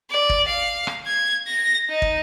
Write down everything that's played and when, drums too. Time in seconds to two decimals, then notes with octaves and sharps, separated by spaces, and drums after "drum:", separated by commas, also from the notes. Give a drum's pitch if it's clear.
0.10 D5
0.30 drum: kick
0.47 F5
0.87 drum: rim click
1.07 G#6
1.47 A#6
1.89 D#4
2.02 drum: kick